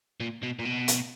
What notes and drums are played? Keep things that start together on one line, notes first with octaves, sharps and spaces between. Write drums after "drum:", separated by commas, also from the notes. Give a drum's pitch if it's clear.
A#2
B2
A#2
B2
drum: hi-hat